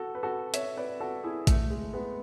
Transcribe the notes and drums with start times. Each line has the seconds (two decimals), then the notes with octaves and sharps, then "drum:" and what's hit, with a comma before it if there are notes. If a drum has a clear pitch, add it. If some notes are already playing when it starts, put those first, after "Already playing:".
Already playing: F#4 A4
0.15 B4
0.23 F#4 A4
0.54 C#5 E5, drum: hi-hat
0.77 B4 D5
1.00 F#4 A4
1.24 E4 G#4
1.47 A3, drum: kick, hi-hat
1.70 G#3
1.93 G#3 B3